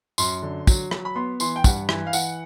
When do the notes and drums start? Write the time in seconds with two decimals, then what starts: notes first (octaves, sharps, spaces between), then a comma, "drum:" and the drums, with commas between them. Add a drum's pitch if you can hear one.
0.18 F#2 C6, drum: tambourine
0.43 D3
0.67 F#3, drum: kick, tambourine
0.91 F#3, drum: rim click
1.05 B5
1.16 B3 C6
1.40 E3 C6, drum: tambourine
1.56 G5
1.64 G2 F#5, drum: kick, tambourine
1.89 E3, drum: rim click
2.07 F5
2.13 E3 F#5, drum: tambourine